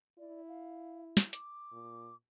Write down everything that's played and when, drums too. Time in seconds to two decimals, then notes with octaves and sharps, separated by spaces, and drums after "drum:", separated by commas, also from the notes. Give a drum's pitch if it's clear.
0.19 E4 D5
0.48 F5
1.17 drum: snare
1.33 D6, drum: hi-hat
1.72 A#2